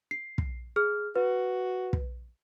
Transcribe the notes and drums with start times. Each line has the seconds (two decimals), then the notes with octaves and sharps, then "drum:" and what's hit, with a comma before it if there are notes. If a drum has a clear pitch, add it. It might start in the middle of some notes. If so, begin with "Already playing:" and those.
0.11 C7
0.38 drum: kick
0.76 G#4 F6
1.16 F#4 B4
1.93 drum: kick